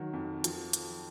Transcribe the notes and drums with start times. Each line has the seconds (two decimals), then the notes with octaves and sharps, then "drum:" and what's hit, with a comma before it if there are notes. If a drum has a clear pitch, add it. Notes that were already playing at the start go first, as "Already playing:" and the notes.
Already playing: D#3 F#3
0.13 F2
0.44 F3, drum: hi-hat
0.73 drum: hi-hat